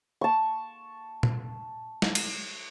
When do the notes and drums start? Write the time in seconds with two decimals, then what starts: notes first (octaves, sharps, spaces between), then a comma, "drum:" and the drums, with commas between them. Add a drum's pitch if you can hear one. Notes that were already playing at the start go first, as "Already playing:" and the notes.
0.21 A5 C#6
1.23 drum: tom A#2
2.02 drum: snare
2.15 drum: cymbal